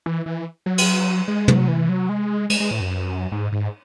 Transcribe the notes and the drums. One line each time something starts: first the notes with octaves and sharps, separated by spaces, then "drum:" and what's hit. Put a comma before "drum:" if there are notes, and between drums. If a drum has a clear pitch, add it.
E3
E3
F#3
drum: cymbal
G#3
F#3, drum: tom
E3
F#3
G#3
G#3, drum: cymbal
G#3
A2
F#2
G#2
G#2